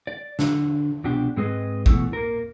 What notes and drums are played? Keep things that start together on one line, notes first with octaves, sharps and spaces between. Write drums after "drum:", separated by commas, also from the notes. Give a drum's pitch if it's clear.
D5
D3, drum: snare
C2 B2 F3 D4 G4
G#2 G#3 C4 G#4 B4 D#5
B2 E3 A3, drum: kick
A#3 A#4